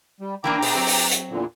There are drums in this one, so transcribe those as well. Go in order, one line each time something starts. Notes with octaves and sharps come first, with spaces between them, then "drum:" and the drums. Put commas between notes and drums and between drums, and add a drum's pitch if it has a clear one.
G3
E3 A#3 D4 G5 A#5 D6
B2 G#4, drum: open hi-hat
F#3 C4
drum: open hi-hat
drum: hi-hat
E2 A#2 D3